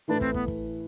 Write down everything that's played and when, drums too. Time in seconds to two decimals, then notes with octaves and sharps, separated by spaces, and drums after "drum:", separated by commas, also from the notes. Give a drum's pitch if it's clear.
0.08 A2 E3 A3 D4 E4 B4
0.21 C4, drum: kick
0.34 B3, drum: kick
0.48 drum: kick